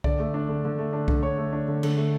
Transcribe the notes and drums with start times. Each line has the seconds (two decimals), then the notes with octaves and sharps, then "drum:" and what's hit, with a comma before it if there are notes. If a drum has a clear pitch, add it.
0.04 D3 D5, drum: kick C2
0.20 A3
0.34 D4
0.49 D3
0.65 D3
0.79 A3
0.93 D4
1.08 D3, drum: kick C2
1.23 D3 C#5
1.38 A3
1.53 D4
1.68 D3
1.83 D3, drum: cymbal
1.97 A3